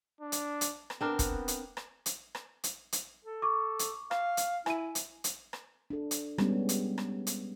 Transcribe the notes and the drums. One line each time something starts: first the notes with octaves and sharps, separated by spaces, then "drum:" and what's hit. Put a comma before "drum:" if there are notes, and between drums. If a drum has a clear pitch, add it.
D4
drum: hi-hat
drum: hi-hat
drum: rim click
B3 C4 D4 A#4
drum: kick, hi-hat
drum: hi-hat
drum: rim click
drum: hi-hat
drum: rim click
drum: hi-hat
drum: hi-hat
A4
C#6 D6
drum: hi-hat
F5, drum: rim click
drum: hi-hat
E4 G#5 D#7, drum: rim click
drum: hi-hat
drum: hi-hat
drum: rim click
D4 A4
drum: hi-hat
G3 G#3 B3 C#4, drum: rim click
drum: hi-hat
drum: rim click
drum: hi-hat